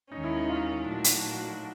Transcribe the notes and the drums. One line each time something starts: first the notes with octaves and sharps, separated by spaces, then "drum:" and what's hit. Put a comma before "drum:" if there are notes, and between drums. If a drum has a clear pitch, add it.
D#2 D#3 G#3 C#4 D#4
E4
D#4
F4
A#2 F#3 A3 D4 F#4
drum: hi-hat